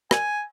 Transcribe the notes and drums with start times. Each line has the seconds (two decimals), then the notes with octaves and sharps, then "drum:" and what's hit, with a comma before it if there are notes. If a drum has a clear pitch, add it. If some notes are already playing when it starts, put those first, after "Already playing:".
0.11 G#5, drum: rim click